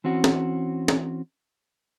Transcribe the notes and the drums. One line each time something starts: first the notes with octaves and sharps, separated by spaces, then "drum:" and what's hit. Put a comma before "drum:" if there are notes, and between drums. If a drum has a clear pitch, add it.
E3 C4 C#4 F#4
drum: snare
drum: snare